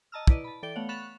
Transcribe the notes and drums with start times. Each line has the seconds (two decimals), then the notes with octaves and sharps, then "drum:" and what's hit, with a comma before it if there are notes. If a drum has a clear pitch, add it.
0.12 D#5 A5 A#5 E6 F6
0.27 E4 B4 D5 D#5, drum: kick
0.44 A5 B5
0.63 E3 A4 D5 G5 D7 G7
0.75 A3 B3 C#5 F5 F#5
0.89 B5 C#6 F#6 A6 E7 F7